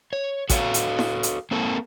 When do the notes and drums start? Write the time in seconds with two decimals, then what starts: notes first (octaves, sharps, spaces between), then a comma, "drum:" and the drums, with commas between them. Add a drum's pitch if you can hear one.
0.13 C#5
0.50 F#4 A4 C#5 F5, drum: kick, hi-hat
0.74 drum: hi-hat
0.99 drum: snare E4
1.23 drum: hi-hat
1.51 A#3 C4 A4 A#4